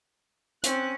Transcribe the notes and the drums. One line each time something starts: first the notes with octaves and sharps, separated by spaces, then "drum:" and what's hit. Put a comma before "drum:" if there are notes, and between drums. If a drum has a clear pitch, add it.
C4 C#4 F#6, drum: hi-hat